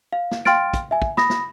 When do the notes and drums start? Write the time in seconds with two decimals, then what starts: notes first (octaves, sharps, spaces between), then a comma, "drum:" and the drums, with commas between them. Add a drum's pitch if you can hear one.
0.13 F5
0.31 drum: snare
0.45 F5 G5 C6 F6 A6 D7, drum: snare
0.74 drum: kick, hi-hat
0.91 E5 G#5
1.02 drum: kick
1.17 B5 D#6 A#6, drum: snare
1.30 drum: snare